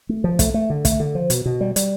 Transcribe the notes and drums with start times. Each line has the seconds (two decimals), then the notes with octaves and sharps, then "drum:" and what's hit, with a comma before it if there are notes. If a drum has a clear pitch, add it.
0.09 A3
0.24 F3
0.39 A3, drum: kick, hi-hat
0.54 A3
0.70 D3
0.85 A3, drum: kick, hi-hat
1.00 D3
1.15 F3
1.30 B2, drum: hi-hat
1.46 B2
1.61 G3
1.76 G3, drum: hi-hat